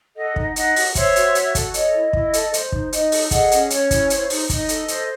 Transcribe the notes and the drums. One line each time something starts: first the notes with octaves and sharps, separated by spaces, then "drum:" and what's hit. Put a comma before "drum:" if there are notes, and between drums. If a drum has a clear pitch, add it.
A4 D#5 F#5
D#4, drum: kick
D#4 D#5 F#5, drum: hi-hat
F#4, drum: open hi-hat
C5 C#5 E5, drum: kick, hi-hat
F#4, drum: hi-hat
F#4, drum: hi-hat
A4, drum: kick, hi-hat
C#5 D#5, drum: hi-hat
E4
E4, drum: kick
A4, drum: hi-hat
C5, drum: hi-hat
D#4, drum: kick
D#4 D#5, drum: hi-hat
A4, drum: open hi-hat
G#4 D#5 F#5, drum: kick, hi-hat
C#4, drum: hi-hat
C#4 C#5, drum: hi-hat
E4, drum: kick, hi-hat
C5, drum: hi-hat
D#4, drum: open hi-hat
D#4 D#5, drum: kick, hi-hat
A4, drum: hi-hat
C5, drum: hi-hat